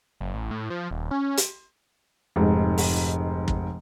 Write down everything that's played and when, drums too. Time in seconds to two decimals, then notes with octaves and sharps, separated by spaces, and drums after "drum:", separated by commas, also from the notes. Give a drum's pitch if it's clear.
0.21 F#1
0.34 A1
0.51 A2
0.70 F3
0.91 D#1
1.11 C#4
1.37 drum: hi-hat
2.36 F1 G#2
2.78 drum: open hi-hat
3.48 drum: kick